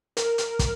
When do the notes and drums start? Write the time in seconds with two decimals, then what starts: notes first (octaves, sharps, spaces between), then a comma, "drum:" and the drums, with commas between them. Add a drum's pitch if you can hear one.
0.17 A#4, drum: hi-hat
0.38 drum: hi-hat
0.59 drum: kick, hi-hat